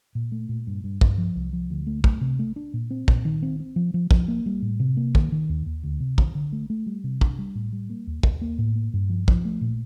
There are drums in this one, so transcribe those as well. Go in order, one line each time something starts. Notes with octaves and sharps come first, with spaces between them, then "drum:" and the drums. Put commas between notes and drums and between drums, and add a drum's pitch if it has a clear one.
A#2
A3
A#2
G2
G2
G2, drum: kick
F3
C2
F3
D2
A3
A3, drum: kick
C3
A3
D4
A#2
C4
A#2, drum: kick
D#3
C4
C4
F3
F3
F3, drum: kick
A#3
G3
A2
C3
A#3
D#3, drum: kick
D#3
D#2
D#2
D2
C3
D#3, drum: kick
D3
A3
A3
G3
C3
D4, drum: kick
G3
A2
G3
A#3
D#2
D#2, drum: kick
A#3
A2
A#3
G2
F3
F3, drum: kick
A3
A#2